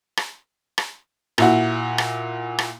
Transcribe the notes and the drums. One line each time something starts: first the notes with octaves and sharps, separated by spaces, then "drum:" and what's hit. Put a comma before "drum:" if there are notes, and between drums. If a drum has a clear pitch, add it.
drum: rim click
drum: rim click
A#2 E4 F#4, drum: rim click
drum: rim click
drum: rim click